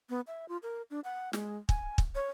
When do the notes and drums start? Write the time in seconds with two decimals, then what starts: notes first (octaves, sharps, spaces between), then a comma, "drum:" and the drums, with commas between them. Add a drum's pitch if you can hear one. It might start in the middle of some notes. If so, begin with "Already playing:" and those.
0.10 B3
0.27 E5
0.48 F4
0.63 A#4
0.90 D4
1.04 F#5
1.33 G#3, drum: snare
1.69 G#5, drum: kick
1.98 drum: kick
2.15 C#5